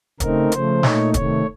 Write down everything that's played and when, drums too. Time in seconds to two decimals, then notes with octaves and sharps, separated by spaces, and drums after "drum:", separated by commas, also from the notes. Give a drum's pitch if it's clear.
0.20 C#3 A3 C4 D#4 A#4, drum: kick, hi-hat
0.52 C#3 F3 A3 C5, drum: hi-hat
0.83 A#2 A3 D#4 C#5, drum: snare
1.14 C3 D#3 A3 C#5, drum: kick, hi-hat